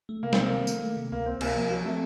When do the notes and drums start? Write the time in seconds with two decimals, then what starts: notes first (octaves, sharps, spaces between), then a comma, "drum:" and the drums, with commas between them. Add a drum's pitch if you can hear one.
0.09 A3
0.23 C3 A#3
0.33 C4, drum: snare
0.38 C3 A#3
0.53 D#3
0.67 A3, drum: tambourine
0.82 A3
0.96 C3
1.12 C#2 A#3
1.26 C#2 C4
1.41 C3 A#3, drum: cymbal
1.56 F3 A#3
1.70 F3 F#3
1.86 A3 C4